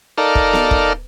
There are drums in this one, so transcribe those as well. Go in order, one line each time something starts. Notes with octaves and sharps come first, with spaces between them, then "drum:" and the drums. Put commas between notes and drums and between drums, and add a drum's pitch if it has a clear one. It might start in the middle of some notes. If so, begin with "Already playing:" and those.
D#4 A4 A#4 D5 F5
drum: kick
drum: snare B3
drum: kick